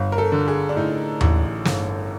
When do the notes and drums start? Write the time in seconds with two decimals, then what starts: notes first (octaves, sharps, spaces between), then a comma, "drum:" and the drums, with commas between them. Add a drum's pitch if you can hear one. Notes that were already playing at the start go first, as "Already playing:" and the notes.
Already playing: G1
0.12 A#4
0.18 A4
0.32 D3
0.48 G#4
0.69 D4
0.76 A2 D#4
1.21 A1, drum: tom D#2
1.65 G1, drum: snare